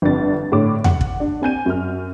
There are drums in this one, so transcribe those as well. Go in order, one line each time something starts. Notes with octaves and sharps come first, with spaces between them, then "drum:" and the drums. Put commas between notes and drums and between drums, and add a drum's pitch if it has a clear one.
G1 F2 D4 A6
A2 D3 C#5 D6
F#5, drum: tom E2
drum: kick
D4
C4 G#5 G6 D#7
F#2 F6